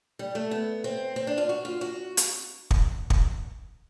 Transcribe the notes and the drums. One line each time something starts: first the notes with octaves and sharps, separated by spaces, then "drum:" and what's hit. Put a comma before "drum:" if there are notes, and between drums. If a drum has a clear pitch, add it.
G3
A3
B3
C4
C4
D4
F4
F#4
F4
F#4
drum: hi-hat
drum: kick
drum: kick